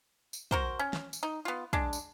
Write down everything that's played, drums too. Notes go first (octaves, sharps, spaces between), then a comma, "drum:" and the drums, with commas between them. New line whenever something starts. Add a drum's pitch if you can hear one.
drum: tambourine
F#4 A#4 C5, drum: kick
C#4
drum: snare
drum: tambourine
D#4
B3 F4
G#3 D4, drum: kick
drum: tambourine